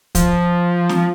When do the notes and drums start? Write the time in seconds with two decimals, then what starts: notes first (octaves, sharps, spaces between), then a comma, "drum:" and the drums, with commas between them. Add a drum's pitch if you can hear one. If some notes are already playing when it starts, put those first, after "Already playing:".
0.15 F3, drum: kick, hi-hat
0.89 drum: snare